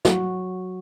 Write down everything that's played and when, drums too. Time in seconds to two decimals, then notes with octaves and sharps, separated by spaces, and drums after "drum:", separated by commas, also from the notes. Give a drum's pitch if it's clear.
0.05 F#3 F#4, drum: snare